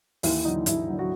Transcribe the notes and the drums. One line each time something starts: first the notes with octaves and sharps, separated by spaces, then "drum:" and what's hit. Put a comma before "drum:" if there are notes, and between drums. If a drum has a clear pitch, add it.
D#2 E3 E4, drum: open hi-hat
D3 F#3 D#4
D#2 E3 E4, drum: hi-hat
F#3
D3
F#3 F#4